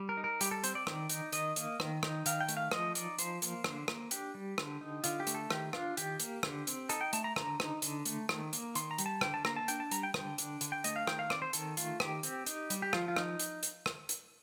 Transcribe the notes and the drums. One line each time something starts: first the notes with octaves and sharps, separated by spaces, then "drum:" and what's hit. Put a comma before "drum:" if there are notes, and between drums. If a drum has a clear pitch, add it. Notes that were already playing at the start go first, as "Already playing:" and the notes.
Already playing: G3
A#4
D#4
A#4
G3 G4, drum: hi-hat
A4
C4 C5, drum: hi-hat
D5
D#3, drum: rim click
D#4, drum: hi-hat
D#3 D#5, drum: hi-hat
A#3, drum: hi-hat
D#3, drum: rim click
D#4, drum: rim click
D#3 F5, drum: hi-hat
G5
A3, drum: hi-hat
F5
F3 D#5, drum: rim click
D#4 D5, drum: hi-hat
F3 C5, drum: hi-hat
A#3, drum: hi-hat
D3, drum: rim click
A#3, drum: rim click
D4 G4, drum: hi-hat
G3
D3, drum: rim click
D#4
D3 F4, drum: hi-hat
G4
A3, drum: hi-hat
A4
D#3 G4, drum: rim click
D4 F4, drum: rim click
D#3 G4, drum: hi-hat
A#3, drum: hi-hat
D3, drum: rim click
C4, drum: hi-hat
D#4 A4, drum: hi-hat
G5
A3 A5, drum: hi-hat
A#5
D3 A#5, drum: rim click
D#4, drum: rim click
D3, drum: hi-hat
A3, drum: hi-hat
D#3, drum: rim click
A#3, drum: hi-hat
D#3 C6, drum: hi-hat
A#5
G3, drum: hi-hat
A5
D3 G5, drum: rim click
A5
A#3 A#5, drum: rim click
A5
D4 G5, drum: hi-hat
A5
G3 A#5, drum: hi-hat
G5
D3, drum: rim click
D4, drum: hi-hat
D3, drum: hi-hat
G5
A3 D#5, drum: hi-hat
F5
D#3 G5, drum: rim click
F5
C4 D5, drum: rim click
C5
D#3 A4, drum: hi-hat
A3 F4, drum: hi-hat
D#3 G4, drum: rim click
C4, drum: hi-hat
D#4, drum: hi-hat
G3, drum: hi-hat
G4
F3 F4, drum: rim click
F4
D#4, drum: rim click
drum: hi-hat
drum: hi-hat
drum: rim click
drum: hi-hat